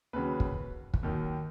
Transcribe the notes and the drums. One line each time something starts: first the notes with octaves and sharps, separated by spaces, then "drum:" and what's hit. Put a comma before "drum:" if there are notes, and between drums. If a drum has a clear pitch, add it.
D#2 C#3 F#3 B4
drum: kick
drum: kick
D#2 D#3 F#3